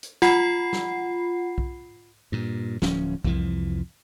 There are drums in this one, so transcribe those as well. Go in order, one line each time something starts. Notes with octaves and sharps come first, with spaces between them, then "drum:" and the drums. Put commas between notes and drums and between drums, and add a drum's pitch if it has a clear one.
drum: hi-hat
F4 F#5 B5 C7, drum: snare
drum: snare
drum: kick B1
G2 A#2
D1 F3 C#4, drum: snare
C2 F2 E3 F3, drum: kick B1